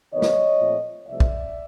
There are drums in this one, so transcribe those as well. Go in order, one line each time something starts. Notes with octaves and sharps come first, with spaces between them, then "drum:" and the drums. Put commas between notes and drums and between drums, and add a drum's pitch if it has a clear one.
C3 D#3 F#3 B3 C#5 D#5
drum: snare
A#2 F3 A3 C4
C2 C3 F3 A3 D5 E5
drum: kick